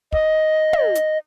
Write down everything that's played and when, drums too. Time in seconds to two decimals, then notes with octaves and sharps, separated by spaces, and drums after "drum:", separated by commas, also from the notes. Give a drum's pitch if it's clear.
0.12 D#5, drum: kick
0.73 drum: tom
0.95 drum: hi-hat